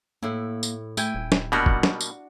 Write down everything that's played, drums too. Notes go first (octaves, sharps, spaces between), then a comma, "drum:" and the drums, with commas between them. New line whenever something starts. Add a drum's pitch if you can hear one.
A2 A#3 E4
drum: tambourine
A3 E4 G5 G#5, drum: tambourine
D#1
drum: snare
B2 G3 A#3 D4 F#4 F#5
drum: kick
drum: snare
drum: tambourine